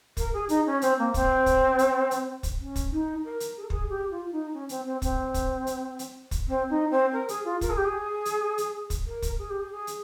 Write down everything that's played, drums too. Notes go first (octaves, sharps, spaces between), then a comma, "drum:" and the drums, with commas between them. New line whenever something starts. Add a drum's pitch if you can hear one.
A#4, drum: kick, hi-hat
G#4
D#4, drum: hi-hat
C#4
C4, drum: hi-hat
A#3
C4, drum: kick, hi-hat
drum: kick, hi-hat
drum: hi-hat
drum: hi-hat
drum: kick, hi-hat
C#4
drum: kick, hi-hat
D#4
A#4
drum: hi-hat
G#4
A#4
G#4, drum: kick
G4
F4
D#4
C#4
C4, drum: hi-hat
C4
C4, drum: kick, hi-hat
drum: kick, hi-hat
drum: hi-hat
drum: hi-hat
drum: kick, hi-hat
C4
D#4
C4
A#4
G#4, drum: hi-hat
F4
A#4, drum: kick, hi-hat
G#4
G4
G#4
drum: hi-hat
drum: hi-hat
drum: kick, hi-hat
A#4
drum: kick, hi-hat
G#4
G4
G#4
G#4
drum: hi-hat